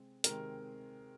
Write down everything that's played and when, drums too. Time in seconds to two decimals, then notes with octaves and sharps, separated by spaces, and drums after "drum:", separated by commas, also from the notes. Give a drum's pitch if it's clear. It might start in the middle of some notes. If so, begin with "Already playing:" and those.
Already playing: C3 G#3 C4
0.24 C3 D#3 G#3 C4 A#4, drum: hi-hat